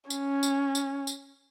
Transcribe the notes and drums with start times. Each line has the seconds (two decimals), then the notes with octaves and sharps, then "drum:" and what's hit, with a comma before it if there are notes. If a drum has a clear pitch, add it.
0.10 C#4, drum: tambourine
0.43 drum: tambourine
0.75 drum: tambourine
1.07 drum: tambourine